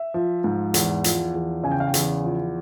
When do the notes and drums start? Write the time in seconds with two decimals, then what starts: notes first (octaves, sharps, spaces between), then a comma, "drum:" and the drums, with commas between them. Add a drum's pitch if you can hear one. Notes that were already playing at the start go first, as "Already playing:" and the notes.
Already playing: E5
0.14 F3
0.44 G#2
0.74 E2, drum: hi-hat
1.04 F3, drum: hi-hat
1.35 E2
1.63 C#3 G#5
1.71 G5
1.80 F5
1.87 G5
1.94 E2, drum: hi-hat
2.24 F3